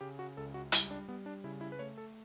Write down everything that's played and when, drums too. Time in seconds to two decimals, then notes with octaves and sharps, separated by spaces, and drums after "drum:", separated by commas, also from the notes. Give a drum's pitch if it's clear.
0.01 C#3 G4
0.19 F#4
0.37 C#2 A4
0.54 F#4
0.72 G3 E4, drum: hi-hat
0.91 D4
1.08 G3 B3
1.26 D4
1.44 C#3 E4
1.61 E4
1.72 B4
1.79 A3 C#5
1.98 A4